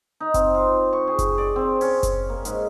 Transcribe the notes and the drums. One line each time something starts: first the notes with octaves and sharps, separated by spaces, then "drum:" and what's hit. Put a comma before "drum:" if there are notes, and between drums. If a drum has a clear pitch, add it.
D#4
C4, drum: kick F#1, hi-hat
F4
C#6
G#4
drum: kick F#1, hi-hat
D5
C4
C#4, drum: open hi-hat
drum: kick F#1, hi-hat
A#3
G#2, drum: hi-hat